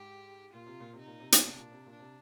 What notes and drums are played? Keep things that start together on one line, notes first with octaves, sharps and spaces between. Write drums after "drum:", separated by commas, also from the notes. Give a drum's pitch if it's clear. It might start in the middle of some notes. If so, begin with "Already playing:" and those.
Already playing: G#2 G4
A#2 F4
C3
A#2
C3
D#4
A#2
C3
A#2, drum: hi-hat
C3 D4
A#2
C3
A#2 D4
C3